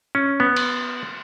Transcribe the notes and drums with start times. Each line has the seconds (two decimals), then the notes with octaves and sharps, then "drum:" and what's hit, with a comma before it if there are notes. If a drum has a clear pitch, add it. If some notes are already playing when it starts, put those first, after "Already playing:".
0.15 C#4
0.40 B3
0.56 drum: cymbal